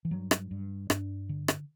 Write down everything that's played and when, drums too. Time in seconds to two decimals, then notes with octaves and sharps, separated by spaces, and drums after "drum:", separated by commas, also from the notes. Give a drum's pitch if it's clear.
0.05 E3
0.11 G2 F#3
0.31 drum: rim click
0.51 G2
0.90 G2 D4, drum: rim click
1.29 D3
1.48 drum: rim click